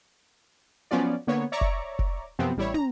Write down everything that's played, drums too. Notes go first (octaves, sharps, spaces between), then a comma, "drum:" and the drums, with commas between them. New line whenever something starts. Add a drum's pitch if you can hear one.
F3 F#3 B3 C#4 F4 D5
D3 A#3 B3 C#5
C#5 D5 E5 A#5 C#6 D6
drum: kick F1
drum: kick F1
F#2 C3 F3 B3 C4
A1 G3 E4 C#5
A#5, drum: tom